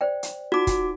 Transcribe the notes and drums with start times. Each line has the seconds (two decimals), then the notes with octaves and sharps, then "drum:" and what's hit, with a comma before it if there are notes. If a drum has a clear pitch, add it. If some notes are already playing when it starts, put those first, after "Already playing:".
0.01 C5 D5 G5
0.23 drum: hi-hat
0.52 D#4 F4 F#4 D6
0.67 drum: kick, hi-hat